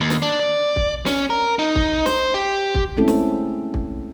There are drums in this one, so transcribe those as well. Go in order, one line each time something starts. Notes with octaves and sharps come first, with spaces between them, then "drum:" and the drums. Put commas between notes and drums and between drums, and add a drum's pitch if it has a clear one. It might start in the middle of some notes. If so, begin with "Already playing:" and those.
D#2
drum: snare
D4
D5
drum: kick
C#4, drum: snare
A#4
D#4
drum: kick
C5, drum: snare
G4
drum: kick
G#3 A3 C4 C#4 E4 A4
drum: snare
drum: kick